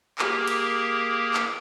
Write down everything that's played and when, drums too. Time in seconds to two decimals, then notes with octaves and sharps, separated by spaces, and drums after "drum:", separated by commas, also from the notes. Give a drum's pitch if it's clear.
0.19 A#3 G4 G#4 A#4, drum: clap
0.47 drum: cymbal
1.34 drum: clap